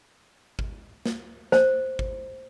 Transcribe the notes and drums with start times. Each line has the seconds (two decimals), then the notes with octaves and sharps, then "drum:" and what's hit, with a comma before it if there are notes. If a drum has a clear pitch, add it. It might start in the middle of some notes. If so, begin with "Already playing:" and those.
0.59 drum: kick G#1
1.06 drum: snare
1.52 C5, drum: snare
1.99 drum: kick G#1